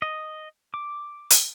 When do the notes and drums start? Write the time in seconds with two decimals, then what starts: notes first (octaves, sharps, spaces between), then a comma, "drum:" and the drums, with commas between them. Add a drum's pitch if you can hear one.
0.02 D#5
0.74 D6
1.30 drum: hi-hat